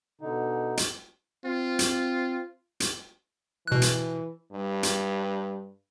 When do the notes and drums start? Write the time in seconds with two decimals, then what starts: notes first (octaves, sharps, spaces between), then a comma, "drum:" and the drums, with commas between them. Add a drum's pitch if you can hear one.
0.21 B2 D3 D#4
0.77 drum: hi-hat
1.45 C4 F4
1.79 drum: hi-hat
2.80 drum: hi-hat
3.67 B2 E3 F#6
3.82 drum: hi-hat
4.52 G2
4.83 drum: hi-hat